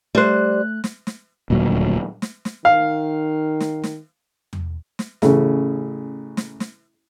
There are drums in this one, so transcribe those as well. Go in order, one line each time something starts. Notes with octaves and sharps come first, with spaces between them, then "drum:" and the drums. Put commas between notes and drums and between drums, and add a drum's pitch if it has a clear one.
G3 A3 C5 F#6
drum: snare
drum: snare
D#1 D2 A#2 F#3
drum: snare
drum: snare
D#3 F5
drum: snare
drum: snare
drum: tom E2
drum: snare
A1 C#3, drum: snare
drum: snare
drum: snare